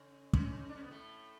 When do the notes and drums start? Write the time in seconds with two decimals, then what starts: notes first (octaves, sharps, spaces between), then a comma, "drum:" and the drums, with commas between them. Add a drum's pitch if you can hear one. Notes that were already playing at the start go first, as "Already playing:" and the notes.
Already playing: C#3 C#4
0.33 C#3 C#4, drum: kick
0.69 D4
0.76 C#4
0.83 B3
0.91 A2 A3